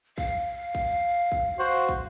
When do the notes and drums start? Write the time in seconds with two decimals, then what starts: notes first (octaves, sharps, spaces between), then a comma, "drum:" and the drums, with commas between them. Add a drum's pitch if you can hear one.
0.18 F5, drum: kick
0.75 drum: kick
1.32 drum: kick
1.57 F#4 C5
1.89 drum: kick